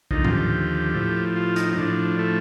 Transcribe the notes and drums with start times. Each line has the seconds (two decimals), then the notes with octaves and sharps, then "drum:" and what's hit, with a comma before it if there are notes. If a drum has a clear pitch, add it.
0.11 D#2 D3 F3 D#4, drum: kick
0.24 F4, drum: tom A2
0.31 G4
0.93 A2 F3
1.36 F4
1.56 D#4, drum: hi-hat
1.73 D#4
1.77 A2 F3 D4
2.19 A3